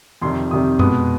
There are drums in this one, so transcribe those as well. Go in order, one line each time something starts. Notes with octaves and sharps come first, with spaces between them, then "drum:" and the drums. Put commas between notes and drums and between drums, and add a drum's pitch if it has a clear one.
F2 C3 D#3 G3 C6
F2 C3 D#3 G3 D#6
B2 G#3 B3 D#6, drum: tom F2